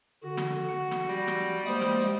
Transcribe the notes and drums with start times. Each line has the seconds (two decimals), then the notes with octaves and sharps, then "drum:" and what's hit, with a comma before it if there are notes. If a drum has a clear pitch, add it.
0.23 D3 F#4
0.37 drum: snare
0.68 F#5
0.91 drum: snare
1.09 G3 A#6
1.27 drum: snare
1.66 G#3 A#3 C5 D#6, drum: hi-hat
1.81 drum: snare
1.99 drum: hi-hat